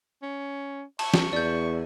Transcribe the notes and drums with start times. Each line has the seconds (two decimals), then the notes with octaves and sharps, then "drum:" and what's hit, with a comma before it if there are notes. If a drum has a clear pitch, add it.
0.23 C#4
0.99 A5 C#6, drum: cymbal
1.14 drum: snare
1.33 E2 D5 G6